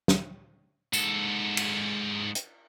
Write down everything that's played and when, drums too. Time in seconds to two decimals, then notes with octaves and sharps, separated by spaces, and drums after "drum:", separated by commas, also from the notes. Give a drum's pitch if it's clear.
0.08 drum: snare
0.93 G#2 A4, drum: tambourine
1.57 drum: cymbal
2.35 drum: hi-hat